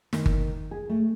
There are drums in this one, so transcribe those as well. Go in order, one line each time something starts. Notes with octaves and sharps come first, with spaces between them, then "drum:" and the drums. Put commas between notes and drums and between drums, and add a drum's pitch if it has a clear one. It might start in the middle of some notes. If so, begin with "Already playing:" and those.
D#3, drum: snare
drum: kick G1
G#4
A3